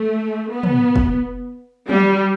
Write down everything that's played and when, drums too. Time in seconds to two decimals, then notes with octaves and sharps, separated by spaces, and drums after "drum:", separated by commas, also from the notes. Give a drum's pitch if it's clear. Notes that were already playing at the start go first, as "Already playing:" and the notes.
Already playing: A3
0.52 B3
0.63 drum: tom
0.96 drum: kick
1.89 G3, drum: tom